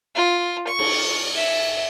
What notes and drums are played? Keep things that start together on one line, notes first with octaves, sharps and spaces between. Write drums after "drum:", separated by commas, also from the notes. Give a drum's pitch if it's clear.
F4
C#6
drum: cymbal
E5